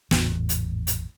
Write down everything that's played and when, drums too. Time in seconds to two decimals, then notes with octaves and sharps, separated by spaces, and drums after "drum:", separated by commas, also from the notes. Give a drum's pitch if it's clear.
0.11 G#1 E2 A2 E3, drum: snare
0.49 drum: hi-hat
0.87 drum: hi-hat